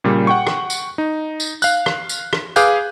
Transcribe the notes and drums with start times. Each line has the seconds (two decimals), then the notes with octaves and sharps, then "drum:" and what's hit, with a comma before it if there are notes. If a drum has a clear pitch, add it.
0.04 A#2 C#3 G3 A#3
0.27 F#5 G5 C#6
0.47 drum: rim click
0.70 drum: tambourine
0.98 D#4
1.40 drum: tambourine
1.62 F5 F#6, drum: tambourine
1.86 drum: rim click
2.09 drum: tambourine
2.33 drum: rim click
2.56 G#4 B4 F5 D6 F#6 G6, drum: tambourine